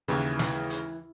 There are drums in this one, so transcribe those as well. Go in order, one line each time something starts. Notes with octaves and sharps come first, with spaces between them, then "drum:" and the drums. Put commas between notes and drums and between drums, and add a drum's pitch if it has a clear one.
D#2 C#3 E3, drum: open hi-hat
drum: snare
drum: hi-hat